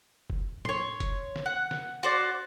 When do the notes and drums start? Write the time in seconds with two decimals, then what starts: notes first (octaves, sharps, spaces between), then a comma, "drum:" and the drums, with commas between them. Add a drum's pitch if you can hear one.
0.30 drum: kick F1
0.65 C#5 C6, drum: tom
1.00 drum: kick F1, hi-hat
1.36 drum: snare
1.46 F#5
1.71 drum: snare
2.03 F#4 C5 D5